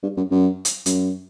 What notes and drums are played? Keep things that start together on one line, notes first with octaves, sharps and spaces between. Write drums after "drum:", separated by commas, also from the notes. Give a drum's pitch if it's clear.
G2
F#2
F#2
drum: hi-hat
F#2, drum: hi-hat